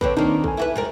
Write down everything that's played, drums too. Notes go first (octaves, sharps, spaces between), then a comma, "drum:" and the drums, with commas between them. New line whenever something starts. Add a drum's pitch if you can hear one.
D3 F3 C4 B4 C#5, drum: kick
D#3 A#3 C4 D4 D#4
A4 G#5, drum: kick
E4 F#4 B4
G#2 G3 A#4